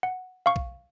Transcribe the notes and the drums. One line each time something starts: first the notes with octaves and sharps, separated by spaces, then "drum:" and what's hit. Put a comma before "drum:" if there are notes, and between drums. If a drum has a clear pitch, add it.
F#5
F5 C#6
drum: kick B1